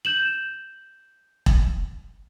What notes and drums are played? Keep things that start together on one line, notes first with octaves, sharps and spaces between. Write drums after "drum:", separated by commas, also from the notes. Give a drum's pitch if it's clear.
G6 E7 F#7
drum: kick E1